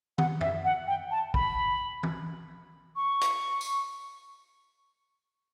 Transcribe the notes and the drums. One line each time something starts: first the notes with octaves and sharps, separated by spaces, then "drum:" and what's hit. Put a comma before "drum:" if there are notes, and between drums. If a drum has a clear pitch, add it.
F#5, drum: tom
E5, drum: tom
F#5
G5
A5
B5, drum: kick
drum: tom E3
C#6
drum: hi-hat
drum: tambourine